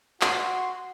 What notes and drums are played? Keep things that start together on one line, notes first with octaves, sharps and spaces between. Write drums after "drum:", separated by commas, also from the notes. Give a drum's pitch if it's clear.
F#4 C6, drum: clap